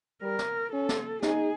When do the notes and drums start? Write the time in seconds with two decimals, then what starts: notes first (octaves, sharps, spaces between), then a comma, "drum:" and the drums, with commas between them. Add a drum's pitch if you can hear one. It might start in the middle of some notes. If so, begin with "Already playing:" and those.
0.22 G3 A#4
0.39 drum: snare
0.72 C#4 A4
0.89 drum: snare
1.22 D#4 G#4, drum: snare